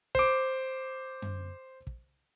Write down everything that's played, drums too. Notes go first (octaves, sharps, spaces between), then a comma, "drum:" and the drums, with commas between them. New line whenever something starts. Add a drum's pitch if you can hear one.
C5 D6, drum: kick
drum: tom F#2
drum: kick